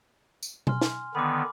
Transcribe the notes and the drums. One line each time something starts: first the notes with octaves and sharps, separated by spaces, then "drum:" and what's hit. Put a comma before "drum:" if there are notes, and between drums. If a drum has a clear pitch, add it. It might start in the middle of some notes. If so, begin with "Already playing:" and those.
drum: tambourine
G#5 C6 F6, drum: tom B2
drum: snare
D3 D#3 B3 B5 D6